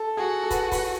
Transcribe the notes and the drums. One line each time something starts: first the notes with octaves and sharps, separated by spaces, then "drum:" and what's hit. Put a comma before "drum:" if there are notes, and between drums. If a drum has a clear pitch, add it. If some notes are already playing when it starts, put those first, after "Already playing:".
Already playing: A4
F#4 G#4
A4
B4, drum: kick, hi-hat
B4, drum: kick, open hi-hat